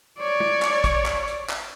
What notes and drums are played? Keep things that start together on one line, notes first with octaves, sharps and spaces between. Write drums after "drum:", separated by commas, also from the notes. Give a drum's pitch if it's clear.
C#5 D5
drum: tom
drum: clap
drum: kick, hi-hat
drum: clap
drum: hi-hat
drum: clap